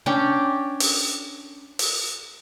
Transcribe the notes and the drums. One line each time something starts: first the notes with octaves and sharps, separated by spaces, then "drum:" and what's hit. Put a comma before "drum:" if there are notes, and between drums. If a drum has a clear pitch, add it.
C#4 D4 G5
drum: open hi-hat
drum: open hi-hat